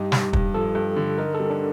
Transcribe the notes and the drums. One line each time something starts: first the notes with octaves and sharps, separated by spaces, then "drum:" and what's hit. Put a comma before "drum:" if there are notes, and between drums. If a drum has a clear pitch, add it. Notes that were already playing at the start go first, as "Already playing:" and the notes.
Already playing: G2 D#4 G4
G2, drum: snare
G2, drum: kick
F3 A4
G2
D3
D#4 A#4
G3 A4
D4